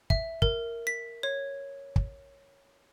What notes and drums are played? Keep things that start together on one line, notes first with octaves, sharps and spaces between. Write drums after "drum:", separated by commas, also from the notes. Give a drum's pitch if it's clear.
E5, drum: kick
A#4, drum: kick
B6
C#5
drum: kick